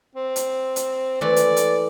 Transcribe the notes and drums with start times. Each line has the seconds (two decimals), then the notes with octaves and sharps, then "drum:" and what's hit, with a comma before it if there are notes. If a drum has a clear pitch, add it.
0.16 C4
0.36 drum: hi-hat
0.76 drum: hi-hat
1.21 E3 A3 D5
1.36 drum: hi-hat
1.56 drum: hi-hat